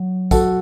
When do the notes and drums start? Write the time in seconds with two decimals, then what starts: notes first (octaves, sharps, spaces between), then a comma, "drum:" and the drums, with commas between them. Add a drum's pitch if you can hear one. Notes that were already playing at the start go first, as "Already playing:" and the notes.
Already playing: F#3
0.31 F#4 A4, drum: kick A#1, tambourine